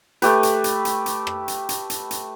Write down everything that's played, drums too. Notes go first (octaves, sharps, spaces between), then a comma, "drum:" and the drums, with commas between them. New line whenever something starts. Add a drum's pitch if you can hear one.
A3 G4 B4, drum: hi-hat
drum: hi-hat
drum: hi-hat
drum: hi-hat
drum: hi-hat
drum: rim click
drum: hi-hat
drum: hi-hat
drum: hi-hat
drum: hi-hat